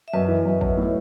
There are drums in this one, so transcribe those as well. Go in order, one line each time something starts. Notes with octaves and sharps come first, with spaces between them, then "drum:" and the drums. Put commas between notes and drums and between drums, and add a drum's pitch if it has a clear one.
E5
F#2 B4 D#5
E3
F#2
F#2, drum: kick A1
A2